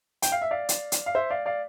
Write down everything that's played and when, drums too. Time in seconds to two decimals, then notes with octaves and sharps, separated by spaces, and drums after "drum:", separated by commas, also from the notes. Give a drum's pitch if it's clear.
0.22 G5, drum: hi-hat
0.32 F5
0.42 E5
0.51 D5 F5
0.69 drum: hi-hat
0.92 drum: hi-hat
1.06 F5
1.15 C5 E5
1.30 D5 F5
1.46 D5 F5